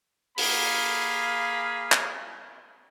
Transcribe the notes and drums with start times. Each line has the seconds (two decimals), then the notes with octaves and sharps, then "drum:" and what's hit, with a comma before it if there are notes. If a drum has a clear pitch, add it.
0.38 A#3 G#4 F5 B5, drum: open hi-hat
1.92 drum: clap